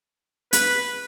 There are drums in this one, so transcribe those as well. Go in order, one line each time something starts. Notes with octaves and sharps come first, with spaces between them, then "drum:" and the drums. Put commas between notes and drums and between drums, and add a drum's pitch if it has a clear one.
B4, drum: hi-hat